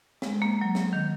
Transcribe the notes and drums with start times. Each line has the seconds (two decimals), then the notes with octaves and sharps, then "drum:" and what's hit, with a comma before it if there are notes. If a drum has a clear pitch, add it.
0.22 G#3, drum: snare
0.42 A#3
0.61 F#3
0.75 drum: snare
0.93 D#3